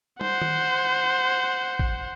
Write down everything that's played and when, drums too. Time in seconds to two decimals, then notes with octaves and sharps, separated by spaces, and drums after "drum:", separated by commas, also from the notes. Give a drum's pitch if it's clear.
0.21 C5 F#5, drum: tom
0.41 drum: tom D#3
1.79 drum: kick A1